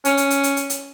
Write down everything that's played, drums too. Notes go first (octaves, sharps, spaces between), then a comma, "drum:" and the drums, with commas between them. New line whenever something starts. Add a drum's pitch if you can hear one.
C#4, drum: hi-hat
drum: hi-hat
drum: hi-hat
drum: hi-hat
drum: hi-hat
drum: hi-hat